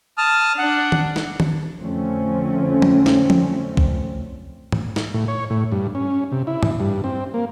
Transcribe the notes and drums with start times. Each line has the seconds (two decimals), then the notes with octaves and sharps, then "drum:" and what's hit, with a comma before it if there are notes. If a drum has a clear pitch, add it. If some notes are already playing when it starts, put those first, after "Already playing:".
0.18 A5 D#6 F6
0.58 D4 F#5
0.92 drum: tom
1.16 drum: snare
1.40 drum: tom
1.79 F2 D3 F3 A3 C4 C#4
2.82 drum: tom F3
3.06 drum: snare
3.30 drum: tom F3
3.77 drum: kick B1
4.72 drum: tom G#2
4.96 drum: snare
5.14 A2
5.28 C#5
5.50 A2
5.72 G2
5.95 C#4
6.32 C3
6.47 E4
6.63 drum: tom G#2
6.80 G2
7.04 C4
7.34 A#3